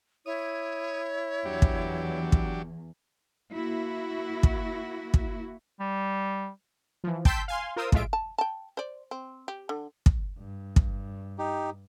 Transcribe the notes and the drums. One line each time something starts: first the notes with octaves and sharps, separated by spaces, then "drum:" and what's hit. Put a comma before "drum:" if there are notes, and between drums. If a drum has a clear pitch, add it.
E4 C#5 D#6
E2 F#3 D4 G4
drum: kick
drum: kick
A#3 E4 F#4
drum: kick
drum: kick
G3
E3 F3
G5 A5 C6 E6 G6 B6, drum: kick
F5 G#5 C6
F4 A#4 C5 D#6 E6
A#1 A2 G#3 F4 E5 D7, drum: kick
A5
G5 A5
C5 D5
C4
G4
D3
drum: kick
G2
drum: kick
D#4 G4